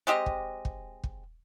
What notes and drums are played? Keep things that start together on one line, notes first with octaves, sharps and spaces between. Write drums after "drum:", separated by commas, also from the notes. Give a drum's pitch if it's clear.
G#3 C4 G4 D#5
drum: kick
drum: kick
drum: kick